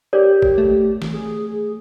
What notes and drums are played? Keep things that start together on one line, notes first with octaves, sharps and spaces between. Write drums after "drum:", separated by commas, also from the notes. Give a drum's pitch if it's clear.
G4 A#4 C#5 D5
drum: kick
A3
drum: snare
G#4